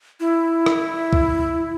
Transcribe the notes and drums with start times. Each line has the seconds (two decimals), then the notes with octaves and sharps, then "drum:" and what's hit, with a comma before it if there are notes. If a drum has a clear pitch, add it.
0.20 E4
0.66 drum: rim click
1.13 drum: kick